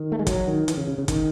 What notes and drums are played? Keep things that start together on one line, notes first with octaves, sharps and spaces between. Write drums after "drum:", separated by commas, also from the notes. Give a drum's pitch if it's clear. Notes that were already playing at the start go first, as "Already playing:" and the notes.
Already playing: D#3
A3
G#3
F#3, drum: kick, hi-hat
D#3
E3, drum: hi-hat
C#3
C#3
C#3
D#3, drum: kick, hi-hat